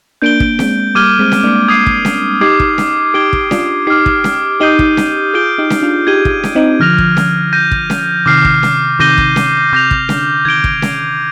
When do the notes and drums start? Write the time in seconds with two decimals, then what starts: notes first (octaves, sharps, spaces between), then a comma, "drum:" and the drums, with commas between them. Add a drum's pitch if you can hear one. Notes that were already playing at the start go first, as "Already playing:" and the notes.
0.22 A#3 D4 G6 D7 G7
0.40 drum: kick
0.59 G#3 C4, drum: snare C#4
0.94 G3 A#3 D6 F6 G#6 D#7 G7
1.19 G#3 C4
1.32 drum: snare C#4
1.44 A#3 D4
1.68 D#6 G#6 C7 D#7
1.86 drum: kick
2.05 drum: snare C#4
2.41 D#4 G4 D6 G#6 C7
2.60 drum: kick
2.78 drum: snare C#4
3.14 D#4 G4 G#6 D7 G7
3.33 drum: kick
3.51 D4 F4, drum: snare C#4
3.87 D#4 G4 D6 F6 C7
4.06 drum: kick
4.24 drum: snare C#4
4.60 D#4 G4 D#6 G6 C7 D#7 G7
4.79 drum: kick
4.97 drum: snare C#4
5.34 F4 G#4 G6 D7 G7
5.58 D#4 G4
5.70 drum: snare C#4
5.82 D4 F4
6.07 D#4 G4 G#6 D#7 G7
6.25 drum: kick
6.43 drum: snare C#4
6.55 C4 D#4
6.80 D3 F3 F6 A#6 F7
6.98 drum: kick
7.17 drum: snare C#4
7.53 G6 A#6 D#7
7.71 drum: kick
7.90 drum: snare C#4
8.26 C3 D#3 D6 F6 C7
8.45 drum: kick
8.63 drum: snare C#4
8.99 C3 D#3 D6 G6 A#6 D#7 G7
9.18 drum: kick
9.36 drum: snare C#4
9.73 C3 D6 G6 A#6 F7
9.91 drum: kick
10.09 D3, drum: snare C#4
10.45 C3 D#3 G#6 D7 G7
10.64 drum: kick
10.82 drum: snare C#4